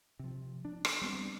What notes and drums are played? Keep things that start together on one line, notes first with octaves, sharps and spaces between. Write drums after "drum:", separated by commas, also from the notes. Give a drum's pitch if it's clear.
C3 F3
D4
drum: rim click
G3 B3 C4